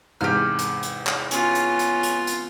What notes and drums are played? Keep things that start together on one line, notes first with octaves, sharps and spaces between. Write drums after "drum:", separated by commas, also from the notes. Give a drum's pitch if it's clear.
E2 G#2 C3 G4 F6
drum: hi-hat
drum: hi-hat
drum: clap
B3 C#4 F4, drum: hi-hat
drum: hi-hat
drum: hi-hat
drum: hi-hat
drum: hi-hat